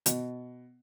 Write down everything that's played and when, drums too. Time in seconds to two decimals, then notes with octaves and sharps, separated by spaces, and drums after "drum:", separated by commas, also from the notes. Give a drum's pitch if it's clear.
0.06 B2, drum: hi-hat